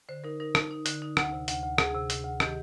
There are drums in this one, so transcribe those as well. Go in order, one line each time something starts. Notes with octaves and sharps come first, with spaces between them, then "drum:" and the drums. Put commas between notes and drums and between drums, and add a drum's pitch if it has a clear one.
D3 C5
D#4 A#4
D#4 A#4
D#4, drum: rim click
D#4
D3, drum: hi-hat
D#4
D2, drum: rim click
C3
D2, drum: hi-hat
D2
D2 G#4, drum: rim click
C3
C3, drum: hi-hat
D2
D#3 G4, drum: rim click